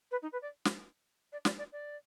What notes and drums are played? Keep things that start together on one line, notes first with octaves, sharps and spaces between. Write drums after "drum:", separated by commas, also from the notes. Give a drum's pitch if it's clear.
B4
D#4
B4
D5
drum: snare
D5
D5, drum: snare
D5
D5